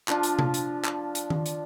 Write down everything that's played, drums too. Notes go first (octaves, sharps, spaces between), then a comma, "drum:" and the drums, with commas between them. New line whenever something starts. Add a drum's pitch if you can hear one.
F3 D4 F4, drum: clap
drum: hi-hat
drum: tom C3
drum: hi-hat
drum: clap
drum: hi-hat
drum: tom D#3
drum: hi-hat